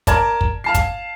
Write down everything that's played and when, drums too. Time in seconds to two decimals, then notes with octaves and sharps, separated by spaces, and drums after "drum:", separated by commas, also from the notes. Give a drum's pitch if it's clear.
0.07 A#4 D5 A5 G#6, drum: kick, hi-hat
0.41 drum: kick
0.64 F5 A5 C7
0.74 drum: kick, hi-hat